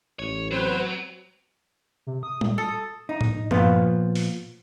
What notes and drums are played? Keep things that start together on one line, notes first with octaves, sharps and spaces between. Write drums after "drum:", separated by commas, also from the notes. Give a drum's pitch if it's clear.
A1 C#5
F#3 B3 C4 B4 C5
C3
D#6
A#2, drum: tom G3
A4 D#6
D#4
drum: tom A2
A#2 F3 B3 F4, drum: tom G2
drum: open hi-hat